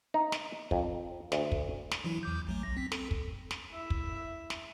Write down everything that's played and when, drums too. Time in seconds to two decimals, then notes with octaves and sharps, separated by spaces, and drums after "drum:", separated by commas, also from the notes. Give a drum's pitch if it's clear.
0.14 D#4
0.32 drum: snare
0.71 F2, drum: kick
1.32 D2, drum: snare
1.52 drum: kick
1.91 drum: snare
2.04 E3 F#3 E4
2.23 E2 D6 G6
2.47 A1 F#3 A3
2.63 B1 A#6
2.77 C4 B6
2.92 C4 A4, drum: snare
3.11 drum: kick
3.51 drum: snare
3.71 E4 E5
3.90 drum: kick
4.50 drum: snare